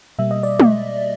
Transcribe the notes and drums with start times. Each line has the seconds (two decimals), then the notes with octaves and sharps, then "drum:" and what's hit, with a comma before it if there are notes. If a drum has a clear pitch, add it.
0.19 B2 G3 A#3 E5
0.31 D#5
0.43 D5
0.60 drum: tom G#3